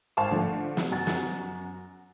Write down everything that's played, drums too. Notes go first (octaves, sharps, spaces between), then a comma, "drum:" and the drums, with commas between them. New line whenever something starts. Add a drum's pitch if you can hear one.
G#1 C5 F5 A5 C#6
D3 F3 A3
drum: snare
F#2 F#4 A6
drum: snare